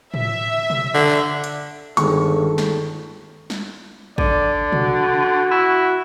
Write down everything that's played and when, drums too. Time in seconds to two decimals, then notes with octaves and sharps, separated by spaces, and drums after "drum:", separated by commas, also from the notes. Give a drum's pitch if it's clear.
0.14 E5, drum: tom A2
0.70 drum: tom B2
0.94 D3
1.44 drum: hi-hat
1.97 G1 D#3 G#3 A4 C#6, drum: hi-hat
2.58 drum: snare
3.50 drum: snare
4.18 D3 D5, drum: kick
4.72 F#4, drum: tom B2
5.51 E4